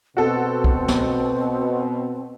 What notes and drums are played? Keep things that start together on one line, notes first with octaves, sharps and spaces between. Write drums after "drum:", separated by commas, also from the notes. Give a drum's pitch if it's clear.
B2 C4 F#4 A4
drum: kick
drum: snare